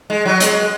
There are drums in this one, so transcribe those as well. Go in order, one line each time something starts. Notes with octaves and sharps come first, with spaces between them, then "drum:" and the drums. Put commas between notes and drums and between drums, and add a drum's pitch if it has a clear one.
G#3
F#3
G#3, drum: hi-hat